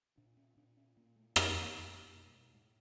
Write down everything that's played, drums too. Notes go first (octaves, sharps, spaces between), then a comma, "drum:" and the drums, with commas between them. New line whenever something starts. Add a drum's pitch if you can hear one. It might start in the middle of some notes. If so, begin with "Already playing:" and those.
A#2 D4
C#4
A#2 D4
C#4
A#2 A#3
A3
A#2 G3, drum: rim click
G#3
A#2 A#3
A3
A#3
B2 A#3
G3
G#3
A2 G#3